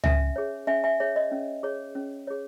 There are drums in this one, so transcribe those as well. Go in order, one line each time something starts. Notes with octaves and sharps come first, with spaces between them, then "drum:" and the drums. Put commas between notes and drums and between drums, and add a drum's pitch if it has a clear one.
C#4 E5 G#5, drum: tom C#2
G#4 C#5
C#4 E5 G#5
E5 G#5
G#4 C#5 E5
D#5
C#4
G#4 C#5
C#4
G#4 C#5